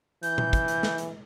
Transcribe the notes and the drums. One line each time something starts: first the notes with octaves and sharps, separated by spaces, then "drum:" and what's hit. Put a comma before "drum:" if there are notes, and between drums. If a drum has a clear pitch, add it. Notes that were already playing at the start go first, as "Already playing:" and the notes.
E3 G6, drum: hi-hat
drum: tom A#2
drum: kick, hi-hat
drum: hi-hat
drum: snare
drum: hi-hat